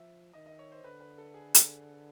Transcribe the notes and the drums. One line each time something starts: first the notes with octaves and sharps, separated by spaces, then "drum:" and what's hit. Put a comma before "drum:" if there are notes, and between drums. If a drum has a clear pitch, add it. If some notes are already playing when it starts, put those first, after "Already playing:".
Already playing: F3 E5
D#3 D#5
D#5
C#5
C5
D3 B4
B4
A4
G#4
drum: hi-hat